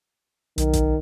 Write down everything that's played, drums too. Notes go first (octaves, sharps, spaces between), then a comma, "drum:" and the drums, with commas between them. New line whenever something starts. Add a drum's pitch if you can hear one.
B1 D#3, drum: hi-hat
drum: kick G#1, hi-hat